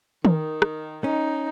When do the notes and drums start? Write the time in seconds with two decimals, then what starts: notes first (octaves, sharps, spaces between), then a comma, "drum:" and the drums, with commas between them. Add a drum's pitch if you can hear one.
0.25 D#3, drum: tom D#3
0.62 drum: rim click
1.04 C#4 D#4